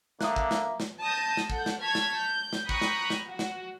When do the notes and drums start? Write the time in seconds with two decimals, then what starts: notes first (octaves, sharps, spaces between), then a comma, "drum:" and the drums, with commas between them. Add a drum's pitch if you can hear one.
0.21 D3 A#3 E5 D#6 F#6, drum: snare
0.36 drum: kick
0.51 drum: snare
0.80 drum: snare
1.03 A5 D#6 G6 A6 A#6
1.37 drum: snare
1.50 A4 F#5 G6, drum: kick
1.66 drum: snare
1.81 A5 C#6 F6 G#6 B6
1.95 drum: snare
2.17 G6
2.53 drum: snare
2.69 G5 A#5 B5 C#6 D#6 F#6, drum: kick
2.81 drum: snare
3.10 drum: snare
3.28 F#4
3.39 drum: snare